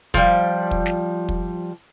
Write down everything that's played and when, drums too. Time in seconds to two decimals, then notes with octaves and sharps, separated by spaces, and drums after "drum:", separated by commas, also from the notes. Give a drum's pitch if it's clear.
0.14 F3 G3, drum: kick
0.71 drum: kick
0.86 drum: snare
1.29 drum: kick